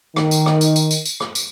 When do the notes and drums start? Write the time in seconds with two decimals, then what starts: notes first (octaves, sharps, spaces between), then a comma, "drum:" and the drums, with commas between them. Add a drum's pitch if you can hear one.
0.16 D#3, drum: rim click
0.31 drum: tambourine
0.46 drum: rim click
0.61 drum: tambourine
0.76 drum: tambourine
0.91 drum: tambourine
1.06 drum: tambourine
1.20 drum: rim click
1.35 drum: tambourine